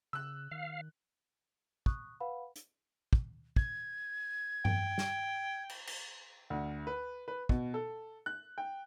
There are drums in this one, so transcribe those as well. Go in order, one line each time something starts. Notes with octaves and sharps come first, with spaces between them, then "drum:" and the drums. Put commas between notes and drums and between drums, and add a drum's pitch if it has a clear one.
C#3 E6 F#6
D#3 F5
C#6 D#6 F#6, drum: kick
B4 F5 F#5 B5
drum: hi-hat
drum: kick
G#6, drum: kick
G5, drum: tom G2
drum: snare
drum: cymbal
drum: cymbal
D2
B4
B4
B2, drum: kick
A4
F#6
G5